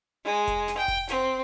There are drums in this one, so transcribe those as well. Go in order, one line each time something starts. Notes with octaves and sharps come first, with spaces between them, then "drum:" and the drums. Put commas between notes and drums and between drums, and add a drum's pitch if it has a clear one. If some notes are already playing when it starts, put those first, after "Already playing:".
G#3
drum: kick F1, hi-hat
drum: snare
G5
drum: kick F1, open hi-hat
C4, drum: snare